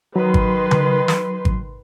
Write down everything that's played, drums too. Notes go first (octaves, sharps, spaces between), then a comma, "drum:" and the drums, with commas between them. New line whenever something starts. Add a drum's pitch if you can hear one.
D#3 F#3 B4 C6
drum: kick G#1
drum: tom C#3
drum: snare
drum: kick G#1